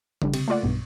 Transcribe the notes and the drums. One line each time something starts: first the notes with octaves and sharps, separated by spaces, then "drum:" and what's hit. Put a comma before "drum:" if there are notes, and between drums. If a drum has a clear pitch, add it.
A1 D3 G3, drum: tom C#3
C3, drum: cymbal
A3 A#3 F4 D5 F#5
B1 G2 B2